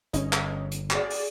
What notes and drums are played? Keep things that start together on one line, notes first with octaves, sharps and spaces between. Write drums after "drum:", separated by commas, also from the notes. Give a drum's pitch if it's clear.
G1 C#4 D#4, drum: hi-hat
drum: clap
drum: hi-hat
F#4 G#4 D5, drum: clap
drum: open hi-hat